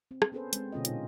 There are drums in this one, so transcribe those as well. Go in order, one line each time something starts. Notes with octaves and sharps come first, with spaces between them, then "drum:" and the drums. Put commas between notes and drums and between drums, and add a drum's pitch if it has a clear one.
C4
drum: rim click
B3 C#4 G#4 A4 B4 C5
G#3 C4, drum: hi-hat
B2 D3 C#4 F4 D#5
A#2 D#4 F4, drum: hi-hat